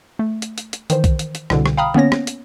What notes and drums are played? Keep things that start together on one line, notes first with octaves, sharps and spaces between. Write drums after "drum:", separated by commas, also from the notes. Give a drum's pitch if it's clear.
A3
drum: hi-hat
drum: hi-hat
drum: hi-hat
D#3 E3 C5, drum: hi-hat
drum: kick B1, hi-hat
drum: hi-hat
drum: hi-hat
C2 B2 D3, drum: rim click
drum: rim click
F5 G5 A#5 B5 D#6 F6
A#3 B3 C#4 C#5 A#6, drum: tom D3
drum: rim click
drum: hi-hat